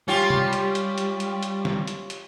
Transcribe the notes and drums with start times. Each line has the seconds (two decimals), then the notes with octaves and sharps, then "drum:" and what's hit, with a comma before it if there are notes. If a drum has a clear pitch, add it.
0.08 G3 C#4 F4 G4
0.30 drum: tom
0.53 drum: hi-hat
0.75 drum: hi-hat
0.98 drum: hi-hat
1.20 drum: hi-hat
1.43 drum: hi-hat
1.65 drum: snare
1.88 drum: hi-hat
2.10 drum: hi-hat